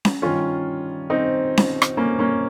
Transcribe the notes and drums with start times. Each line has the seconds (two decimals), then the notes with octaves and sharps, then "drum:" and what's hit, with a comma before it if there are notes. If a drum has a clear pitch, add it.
0.05 drum: snare C#4
0.22 G2 D#3 C#4 F4
1.10 C4 D#4
1.57 drum: snare C#4
1.82 drum: rim click
1.97 A#3 C#4
2.19 A#3 C#4